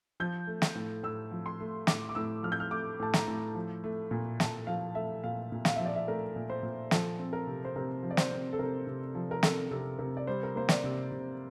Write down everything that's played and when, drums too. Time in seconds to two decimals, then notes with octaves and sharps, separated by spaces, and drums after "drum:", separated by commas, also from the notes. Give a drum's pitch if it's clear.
0.20 F3 G6
0.47 A3
0.62 drum: snare
0.75 A2
1.03 A2 E6
1.31 F3
1.46 C6
1.60 A3
1.87 A2 D6, drum: snare
2.09 D6
2.15 A2 E6
2.43 F3 F6
2.52 G6
2.60 F6
2.71 A3 D6
3.00 A2 A5
3.14 A#5, drum: snare
3.27 A2
3.55 F3
3.84 A3
4.11 A#2
4.40 A#2 A5, drum: snare
4.67 F3 F5
4.95 A3 E5
5.24 A#2 F5
5.52 A#2
5.65 F5, drum: snare
5.76 F3 E5
5.86 D5
5.96 E5
6.08 A3 A#4
6.36 A#2
6.50 C5
6.63 A#2
6.91 F3 A4, drum: snare
7.19 C4
7.33 A#4
7.47 C3
7.65 C5
7.76 C3 A#4
8.03 F3
8.11 D5
8.17 C5, drum: snare
8.31 C4
8.53 A4
8.59 C3 A#4
8.87 C3
9.15 F3
9.31 A#4
9.43 C4 A4, drum: snare
9.71 C3 A4
9.99 C3 A#4
10.17 D5
10.27 G3 C5
10.43 A#4
10.55 A#3 C5
10.69 D5, drum: snare
10.84 C3
11.12 C3